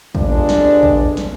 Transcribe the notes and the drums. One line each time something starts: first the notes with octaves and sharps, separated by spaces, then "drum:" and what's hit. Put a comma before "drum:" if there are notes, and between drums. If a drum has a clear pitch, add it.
G1 G#3 D4, drum: kick
drum: snare
drum: kick
drum: snare